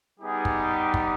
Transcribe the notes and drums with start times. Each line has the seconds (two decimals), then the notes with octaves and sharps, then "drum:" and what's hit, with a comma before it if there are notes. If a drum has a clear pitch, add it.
0.20 G3 B3 D#4 G4 G#4
0.45 drum: kick
0.94 drum: kick